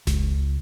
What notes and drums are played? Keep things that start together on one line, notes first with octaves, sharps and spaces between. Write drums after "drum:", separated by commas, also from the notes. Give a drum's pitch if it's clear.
C#2, drum: snare F1